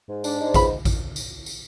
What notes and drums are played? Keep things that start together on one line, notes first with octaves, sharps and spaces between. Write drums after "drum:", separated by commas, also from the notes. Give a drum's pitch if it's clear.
G#2
D4, drum: tambourine
G#2
C#2 B5, drum: kick A1, tambourine
drum: kick A1, tambourine
drum: tambourine
drum: tambourine